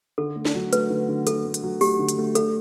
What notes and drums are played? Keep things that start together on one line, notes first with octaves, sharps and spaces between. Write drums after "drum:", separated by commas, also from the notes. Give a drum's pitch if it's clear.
D3 A4
A3
drum: snare
F#3
A3 B4, drum: hi-hat
D3
D3
D3 A4, drum: hi-hat
A3
drum: hi-hat
F#3
A3 G4, drum: open hi-hat
D3
drum: hi-hat
A3
D4 A4, drum: hi-hat